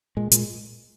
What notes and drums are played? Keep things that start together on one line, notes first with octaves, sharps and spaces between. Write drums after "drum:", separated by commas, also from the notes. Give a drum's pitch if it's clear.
A#2 G#3
A#2 G#3, drum: hi-hat